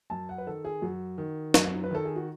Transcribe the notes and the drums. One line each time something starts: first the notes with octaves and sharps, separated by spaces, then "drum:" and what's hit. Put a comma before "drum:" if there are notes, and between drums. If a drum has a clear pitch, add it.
F#2 A5
F#5
B4
D#3 A4
G#4
F#2 F#4
D#3
F#2, drum: snare
B4
D#3 A4
G#4
F#4